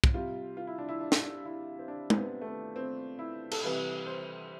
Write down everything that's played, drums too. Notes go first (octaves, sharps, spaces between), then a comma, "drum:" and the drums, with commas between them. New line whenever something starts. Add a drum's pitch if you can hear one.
drum: kick
C3 G3 F4
F4
E4
D4
E4
D4
drum: snare
E4
C4
D4
C4, drum: tom G#3
B3
A3
B3
C4
E4
A4, drum: cymbal
C3 E3 G3 B4
C5